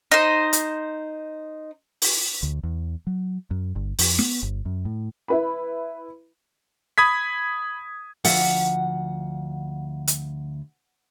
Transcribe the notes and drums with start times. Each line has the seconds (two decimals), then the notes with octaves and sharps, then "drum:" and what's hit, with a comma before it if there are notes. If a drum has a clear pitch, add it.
0.12 D#4 C5
0.53 drum: hi-hat
2.02 drum: open hi-hat
2.43 D2
2.63 E2
3.07 F#3
3.51 F#2
3.76 G1
3.99 F2, drum: open hi-hat
4.19 B3, drum: snare
4.43 G1
4.65 F#2
4.85 A2
5.28 E4 B4 B5
6.98 B5 D#6 G#6 B6
8.25 D2 F3 E5 F#5, drum: open hi-hat
10.07 drum: hi-hat